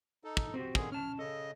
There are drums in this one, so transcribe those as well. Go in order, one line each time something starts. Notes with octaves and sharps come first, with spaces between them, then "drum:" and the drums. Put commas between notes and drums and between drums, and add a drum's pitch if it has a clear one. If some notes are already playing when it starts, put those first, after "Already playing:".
D#4 A4
drum: kick
C4 F#4 G4
D3 D#3 G#4, drum: kick
C#4 A5 F6
C#3 A4 D#5